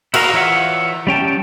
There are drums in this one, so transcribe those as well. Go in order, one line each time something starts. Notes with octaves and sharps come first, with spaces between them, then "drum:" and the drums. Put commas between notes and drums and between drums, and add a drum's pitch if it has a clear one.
E4 F#4 A#4 F5 A#5, drum: cymbal
E3 F4 C#5 E5 F#5
G3 C#4 G5 A5